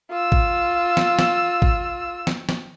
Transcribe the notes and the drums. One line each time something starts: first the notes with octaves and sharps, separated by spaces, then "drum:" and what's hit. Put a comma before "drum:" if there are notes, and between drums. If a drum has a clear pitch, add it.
F4 E6
drum: kick
drum: snare
drum: snare
drum: kick
drum: snare
drum: snare